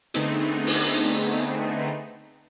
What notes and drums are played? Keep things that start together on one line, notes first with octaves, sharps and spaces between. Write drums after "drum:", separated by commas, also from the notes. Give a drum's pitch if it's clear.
D3 A3 B3 C4 D#4 G#4, drum: hi-hat
drum: open hi-hat